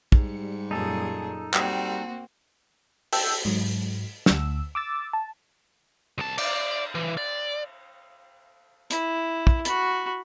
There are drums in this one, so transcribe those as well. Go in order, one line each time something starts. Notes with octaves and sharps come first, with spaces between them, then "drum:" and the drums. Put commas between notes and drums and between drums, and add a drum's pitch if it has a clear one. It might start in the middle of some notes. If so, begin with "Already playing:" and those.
G#2 G3 C#7, drum: kick
F#2 A#2 D#4 G#4 A4
G3 A#3 C4 F#4, drum: clap
G5 A5 E6 G6, drum: open hi-hat
G#2 F#3
D2 E6, drum: snare
D6 E6 A6
A5
C2 A5
D5, drum: cymbal
E3
D5
E4, drum: hi-hat
drum: kick
F#4 B5, drum: hi-hat